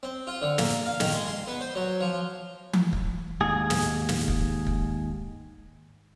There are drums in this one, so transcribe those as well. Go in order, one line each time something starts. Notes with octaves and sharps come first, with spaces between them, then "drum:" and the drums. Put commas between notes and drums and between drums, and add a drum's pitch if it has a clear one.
C4
F4
D3
A#3, drum: snare
F5
D#3, drum: snare
G#3
C6
B3
C5
F#3
F3
drum: tom E3
drum: kick
D#2 G#2 G#4
drum: snare
drum: snare
drum: kick
drum: kick